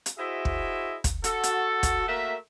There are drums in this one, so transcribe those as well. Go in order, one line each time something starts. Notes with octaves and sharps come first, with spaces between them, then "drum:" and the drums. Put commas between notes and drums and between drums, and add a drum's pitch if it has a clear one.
drum: hi-hat
E4 F#4 G#4 C5 D#5 E5
drum: kick
drum: kick, hi-hat
F#4 A4, drum: hi-hat
drum: hi-hat
drum: kick, hi-hat
A3 A#3 F#4 A#4 E5